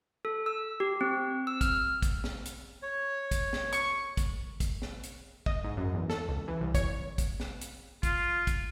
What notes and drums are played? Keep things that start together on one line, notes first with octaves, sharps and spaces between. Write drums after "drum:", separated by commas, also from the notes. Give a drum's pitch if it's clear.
A4
E6
G4
C4
E6
F6, drum: kick, hi-hat
drum: kick, hi-hat
drum: snare
drum: hi-hat
C#5
drum: kick, hi-hat
drum: snare
C#6, drum: hi-hat
drum: kick, hi-hat
drum: kick, hi-hat
drum: snare
drum: hi-hat
D#5, drum: kick
G#2
F#2
E2
A4, drum: snare
C#2
E3
C2
C#5, drum: kick, hi-hat
drum: kick, hi-hat
drum: snare
drum: hi-hat
F4, drum: kick, hi-hat
drum: kick, hi-hat